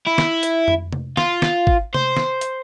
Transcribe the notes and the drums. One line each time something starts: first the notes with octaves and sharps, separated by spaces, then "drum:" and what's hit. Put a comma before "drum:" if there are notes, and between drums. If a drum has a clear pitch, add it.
E4
drum: snare
drum: hi-hat
drum: tom F2
drum: tom C3
F4, drum: snare
drum: snare
drum: kick
C5, drum: tom C3
drum: snare
drum: hi-hat